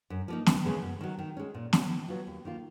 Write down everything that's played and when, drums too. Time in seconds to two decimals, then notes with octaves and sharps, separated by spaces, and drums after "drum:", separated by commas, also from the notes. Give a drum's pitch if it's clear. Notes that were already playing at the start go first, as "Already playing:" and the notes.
0.10 F#2
0.28 F3 A#3 D#4
0.46 D#2, drum: snare
0.65 C#3 G#3 B3
0.82 F#2
1.01 D#3 F#3
1.19 D#3
1.37 G#3 C#4
1.54 A#2
1.73 F#3 A#3 C#4, drum: snare
1.90 D#3
2.08 F#3 B3 F4
2.27 D#2
2.45 D#3 A#3 F4